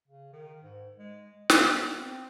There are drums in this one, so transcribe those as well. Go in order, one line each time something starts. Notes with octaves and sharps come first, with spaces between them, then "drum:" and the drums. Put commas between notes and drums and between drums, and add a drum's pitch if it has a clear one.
C#3
D#3
G#2
G#3
B3, drum: snare
C4